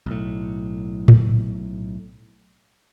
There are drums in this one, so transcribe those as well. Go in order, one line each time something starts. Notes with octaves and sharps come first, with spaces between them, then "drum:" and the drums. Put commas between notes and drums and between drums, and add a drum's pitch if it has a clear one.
B1 A2
drum: tom A2